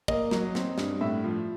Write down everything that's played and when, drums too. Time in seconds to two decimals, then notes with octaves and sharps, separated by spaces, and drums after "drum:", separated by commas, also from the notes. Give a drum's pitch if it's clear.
0.08 A#3 D#5, drum: kick
0.31 F#3, drum: snare
0.55 C4, drum: snare
0.78 G2, drum: snare
1.01 A2 E5
1.24 F3